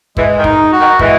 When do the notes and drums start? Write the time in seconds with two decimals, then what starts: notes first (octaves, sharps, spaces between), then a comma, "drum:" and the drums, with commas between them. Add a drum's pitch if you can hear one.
0.17 E3 G#3, drum: kick
0.37 D#3
0.44 D#4, drum: kick
0.72 F#4
0.79 D#3
0.99 E3 G#3, drum: kick